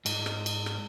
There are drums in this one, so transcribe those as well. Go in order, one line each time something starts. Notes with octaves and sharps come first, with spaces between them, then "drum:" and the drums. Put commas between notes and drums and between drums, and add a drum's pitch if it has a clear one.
G#2, drum: cymbal
drum: rim click
drum: cymbal
drum: rim click